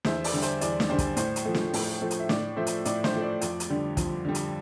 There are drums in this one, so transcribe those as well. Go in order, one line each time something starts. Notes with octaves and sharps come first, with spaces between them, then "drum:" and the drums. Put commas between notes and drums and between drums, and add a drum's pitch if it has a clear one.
E2 C5 E5, drum: snare
D5, drum: open hi-hat
D3 G3
C5, drum: hi-hat
E2 D5, drum: hi-hat
drum: snare
D3 G3 C5
drum: kick, hi-hat
A2 C5, drum: hi-hat
drum: hi-hat
F3 A3
drum: snare
A2, drum: open hi-hat
F3 A3
drum: hi-hat
E5
A2 D5, drum: snare
F3 A3 C5 E5
drum: hi-hat
A2 D5, drum: hi-hat
C5, drum: snare
F3 A3
D5
F2, drum: hi-hat
drum: hi-hat
D3 G3
F2, drum: kick, hi-hat
D3 G3
drum: hi-hat